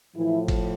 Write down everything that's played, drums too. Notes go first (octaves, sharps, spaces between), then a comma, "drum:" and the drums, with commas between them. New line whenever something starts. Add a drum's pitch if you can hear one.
A2 E3 F3 E4
drum: kick G#1, cymbal